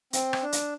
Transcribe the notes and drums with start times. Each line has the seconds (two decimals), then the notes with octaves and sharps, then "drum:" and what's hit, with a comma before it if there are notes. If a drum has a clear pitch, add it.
0.13 C4, drum: hi-hat
0.33 drum: rim click
0.43 D4
0.52 drum: hi-hat